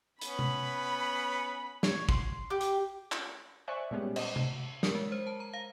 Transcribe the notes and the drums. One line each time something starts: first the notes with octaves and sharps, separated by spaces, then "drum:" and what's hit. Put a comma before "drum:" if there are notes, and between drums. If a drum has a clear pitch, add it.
B3 C#4 B5, drum: hi-hat
drum: tom C3
C#5, drum: snare
C6, drum: kick
G4
drum: hi-hat
drum: clap
C5 D5 E5 G#5 C#6 F#6
A#2 G3 G#3 B3 C#4 G4
C5 D5 D#5 F#5, drum: cymbal
drum: tom C3
A#4, drum: snare
G#3
C5
A5
A#5
F5